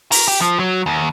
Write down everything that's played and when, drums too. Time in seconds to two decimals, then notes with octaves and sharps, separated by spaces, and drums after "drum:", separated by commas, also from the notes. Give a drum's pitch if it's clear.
0.12 A#4, drum: open hi-hat
0.28 G4
0.41 F3
0.59 F#3
0.86 D#2